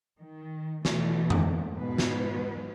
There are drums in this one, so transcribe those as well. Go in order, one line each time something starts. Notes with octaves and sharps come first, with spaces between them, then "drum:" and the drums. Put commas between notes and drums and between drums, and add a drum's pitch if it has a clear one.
D#3
B2 E3 A3, drum: snare
drum: tom F2
G#2 B2 B4
drum: snare